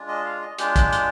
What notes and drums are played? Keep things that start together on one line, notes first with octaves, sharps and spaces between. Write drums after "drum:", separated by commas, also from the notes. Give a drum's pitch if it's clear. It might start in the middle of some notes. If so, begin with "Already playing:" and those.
Already playing: G#3 D4 F4
D#5
F5
D#5
G#3 D4 F4 G4, drum: hi-hat
drum: kick, hi-hat
drum: hi-hat